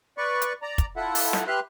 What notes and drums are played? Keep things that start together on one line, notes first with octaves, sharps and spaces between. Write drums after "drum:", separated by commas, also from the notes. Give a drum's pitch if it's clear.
B4 D5 C#6
drum: hi-hat
D5 A#5
drum: kick, hi-hat
E4 F4 A4 E5 F#5
drum: open hi-hat
drum: snare
G4 B4 E5 C6 F6 F#6